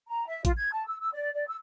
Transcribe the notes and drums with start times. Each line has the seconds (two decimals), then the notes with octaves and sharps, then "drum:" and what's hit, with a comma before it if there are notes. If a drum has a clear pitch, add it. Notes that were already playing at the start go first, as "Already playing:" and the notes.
0.08 A#5
0.28 E5
0.45 F4, drum: kick, hi-hat
0.57 G#6
0.73 A5
0.87 E6
1.01 E6
1.14 D5
1.34 D5
1.48 E6